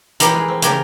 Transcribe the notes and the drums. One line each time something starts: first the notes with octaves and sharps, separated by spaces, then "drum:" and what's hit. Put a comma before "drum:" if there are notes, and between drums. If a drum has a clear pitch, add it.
E3 G4 A#4, drum: hi-hat
G#3
C4
C#3 G4 A#4, drum: hi-hat